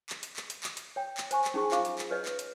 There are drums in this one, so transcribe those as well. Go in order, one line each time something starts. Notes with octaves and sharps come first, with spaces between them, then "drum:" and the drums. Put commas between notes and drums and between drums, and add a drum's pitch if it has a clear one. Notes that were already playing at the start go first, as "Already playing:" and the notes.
drum: clap
drum: hi-hat
drum: clap
drum: hi-hat
drum: clap
drum: hi-hat
C#5 G5
drum: clap
C5 G#5 C#6, drum: hi-hat
drum: clap
C#4 D#4 G#4 C5 C#6
F4 C5 F5 C#6 D6, drum: clap
drum: hi-hat
drum: clap
B4 C#5 D#5
drum: clap
drum: hi-hat